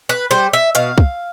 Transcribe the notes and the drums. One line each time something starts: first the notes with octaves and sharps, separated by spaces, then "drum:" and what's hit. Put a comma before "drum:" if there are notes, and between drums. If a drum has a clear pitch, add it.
B4
G3 C5
E5
B2 F5, drum: hi-hat
drum: kick